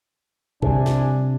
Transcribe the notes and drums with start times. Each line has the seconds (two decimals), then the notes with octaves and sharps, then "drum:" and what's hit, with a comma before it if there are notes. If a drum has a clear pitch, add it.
0.62 C3 G3 D4 G#5, drum: kick
0.86 drum: snare